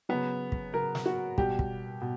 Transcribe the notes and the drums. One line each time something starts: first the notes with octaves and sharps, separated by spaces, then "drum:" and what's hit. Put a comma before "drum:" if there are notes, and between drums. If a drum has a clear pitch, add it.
C#3 F#3 B3
drum: kick
C#3 F#3 A#4
drum: snare
F#4
B2 G3 G4, drum: kick
drum: kick
B2